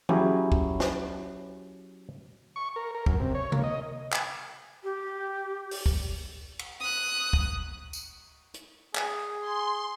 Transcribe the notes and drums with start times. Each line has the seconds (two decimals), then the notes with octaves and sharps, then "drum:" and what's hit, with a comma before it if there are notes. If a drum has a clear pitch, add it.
0.09 F#3 C#4 E4 G4 G#4, drum: tom
0.52 drum: kick
0.80 drum: snare
2.56 C#6
2.76 A#4
2.95 A#4
3.06 F#2, drum: kick
3.20 C3
3.35 C#5
3.52 A#3, drum: tom C3
3.63 D#5
4.13 drum: clap
4.83 G4
5.71 drum: open hi-hat
5.86 drum: kick
6.59 drum: cymbal
6.80 D#6 F#6
7.33 drum: kick
7.93 drum: tambourine
8.54 drum: hi-hat
8.95 G#4, drum: clap
9.40 C6